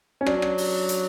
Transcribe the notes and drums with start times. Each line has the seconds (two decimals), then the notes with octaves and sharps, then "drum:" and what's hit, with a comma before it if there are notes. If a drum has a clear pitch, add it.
0.21 C#4
0.26 F#3 D4, drum: rim click
0.42 drum: rim click
0.58 drum: open hi-hat
0.89 drum: hi-hat